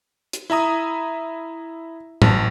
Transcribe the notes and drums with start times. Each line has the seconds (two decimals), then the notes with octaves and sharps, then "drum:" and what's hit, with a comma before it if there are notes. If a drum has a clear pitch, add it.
0.33 drum: hi-hat
0.50 E4 E5 A#5 D#6
2.22 A1 A5, drum: tom